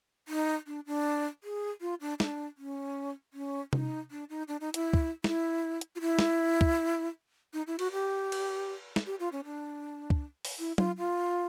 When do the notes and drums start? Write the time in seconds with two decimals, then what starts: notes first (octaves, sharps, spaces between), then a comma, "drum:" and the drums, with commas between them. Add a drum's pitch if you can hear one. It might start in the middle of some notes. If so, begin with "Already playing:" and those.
0.28 D#4
0.67 D4
0.87 D4
1.44 G#4
1.81 F4
2.01 D4
2.20 D4, drum: snare
2.58 C#4
3.33 C#4
3.73 D#4, drum: tom C3
4.11 D4
4.30 D#4
4.48 D4
4.61 D#4
4.74 E4, drum: hi-hat
4.93 drum: kick
5.24 E4, drum: snare
5.81 drum: hi-hat
5.96 F4
6.01 E4
6.19 drum: snare
6.61 drum: kick
7.54 D#4
7.67 E4
7.79 F#4, drum: cymbal
7.92 G4
8.32 drum: cymbal
8.96 drum: snare
9.06 G4
9.20 F4
9.32 C#4
9.45 D4
10.10 drum: kick
10.45 drum: open hi-hat
10.59 E4
10.78 F4, drum: tom F#3
10.98 F4